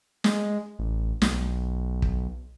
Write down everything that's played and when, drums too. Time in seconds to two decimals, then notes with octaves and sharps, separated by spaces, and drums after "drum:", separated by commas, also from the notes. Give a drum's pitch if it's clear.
0.24 G#3, drum: snare
0.79 A1
1.22 B1, drum: snare
2.02 drum: kick